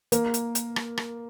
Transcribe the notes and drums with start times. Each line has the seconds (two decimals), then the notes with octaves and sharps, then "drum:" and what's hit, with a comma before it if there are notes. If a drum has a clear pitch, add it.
0.12 A#3, drum: hi-hat
0.34 drum: hi-hat
0.55 drum: hi-hat
0.76 drum: rim click
0.97 drum: rim click